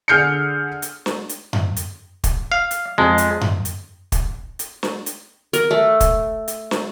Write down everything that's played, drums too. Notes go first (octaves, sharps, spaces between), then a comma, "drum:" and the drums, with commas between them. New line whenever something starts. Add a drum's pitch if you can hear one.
D3 G#4 F6 G6 C7 C#7
drum: hi-hat
drum: snare
drum: hi-hat
drum: tom F#2
drum: hi-hat
drum: kick, hi-hat
F5
drum: hi-hat
F2 G#3
drum: hi-hat
drum: tom F#2
drum: hi-hat
drum: kick, hi-hat
drum: hi-hat
drum: snare
drum: hi-hat
A#4, drum: hi-hat
A3
drum: kick, hi-hat
drum: hi-hat
drum: snare